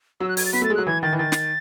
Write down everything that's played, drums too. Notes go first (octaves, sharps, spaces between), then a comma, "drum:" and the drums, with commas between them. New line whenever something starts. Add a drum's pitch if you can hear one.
F#3 E6
F#6
G#6, drum: open hi-hat
A6
B3 B6
A3 A6
G#3
F#6
F#3
E3 G#6
D#3 A6
E3
D#3 A6
drum: snare